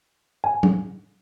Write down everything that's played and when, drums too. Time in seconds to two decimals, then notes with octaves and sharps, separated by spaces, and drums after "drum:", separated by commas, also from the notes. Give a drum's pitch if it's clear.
0.44 G#5
0.63 drum: tom